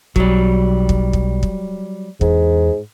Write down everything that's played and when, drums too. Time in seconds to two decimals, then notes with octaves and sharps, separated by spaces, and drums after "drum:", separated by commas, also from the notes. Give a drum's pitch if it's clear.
0.16 B1 F#3 G3, drum: kick
0.89 drum: kick
1.13 drum: kick
1.43 drum: kick
2.21 E2 G#2, drum: kick